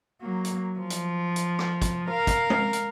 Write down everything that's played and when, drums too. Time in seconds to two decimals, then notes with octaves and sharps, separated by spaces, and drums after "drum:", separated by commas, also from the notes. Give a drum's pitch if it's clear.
0.22 F#3 A#3
0.45 drum: hi-hat
0.79 F3
0.90 drum: hi-hat
1.36 drum: hi-hat
1.59 drum: rim click
1.82 drum: kick, hi-hat
2.09 A#4 F5
2.27 drum: kick, hi-hat
2.50 drum: tom G#3
2.73 drum: hi-hat